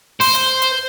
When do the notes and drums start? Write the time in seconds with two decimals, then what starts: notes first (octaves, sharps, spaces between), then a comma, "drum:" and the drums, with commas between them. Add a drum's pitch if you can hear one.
0.21 C5, drum: open hi-hat
0.34 drum: hi-hat
0.62 drum: hi-hat